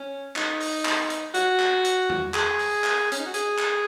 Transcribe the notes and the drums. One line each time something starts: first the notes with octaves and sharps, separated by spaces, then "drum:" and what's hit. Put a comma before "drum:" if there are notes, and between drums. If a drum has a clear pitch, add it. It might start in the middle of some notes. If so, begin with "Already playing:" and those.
Already playing: C#4
D#4, drum: clap
drum: open hi-hat
drum: clap
drum: hi-hat
F#4, drum: hi-hat
drum: clap
drum: hi-hat
drum: tom E2
G#4, drum: clap
drum: open hi-hat
drum: clap
C#4, drum: hi-hat
D#4
F#4
G#4, drum: hi-hat
drum: clap